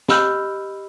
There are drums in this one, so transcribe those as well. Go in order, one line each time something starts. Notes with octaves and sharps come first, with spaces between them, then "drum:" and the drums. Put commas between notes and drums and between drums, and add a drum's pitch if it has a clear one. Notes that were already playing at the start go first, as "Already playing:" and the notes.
G4 D#5 B5 E6 F6 G6, drum: snare